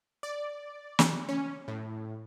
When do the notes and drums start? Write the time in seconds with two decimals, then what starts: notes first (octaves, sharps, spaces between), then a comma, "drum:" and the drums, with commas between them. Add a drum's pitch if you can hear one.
0.23 D5
0.99 drum: snare
1.29 C#4
1.68 A2